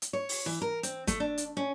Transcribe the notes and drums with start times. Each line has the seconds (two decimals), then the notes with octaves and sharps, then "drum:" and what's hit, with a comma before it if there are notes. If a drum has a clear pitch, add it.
0.02 drum: hi-hat
0.13 C#5
0.29 drum: open hi-hat
0.46 E3
0.62 A#4
0.83 C4, drum: hi-hat
1.07 A3, drum: kick, hi-hat
1.20 D4
1.38 drum: hi-hat
1.57 C#4